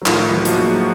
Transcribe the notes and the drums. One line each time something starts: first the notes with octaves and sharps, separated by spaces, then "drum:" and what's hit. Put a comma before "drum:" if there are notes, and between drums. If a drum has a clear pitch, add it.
F#3
A2 D#3 F3, drum: clap
E3 F#3
F3 A#3 D#4 F#4, drum: hi-hat
F#3 G#3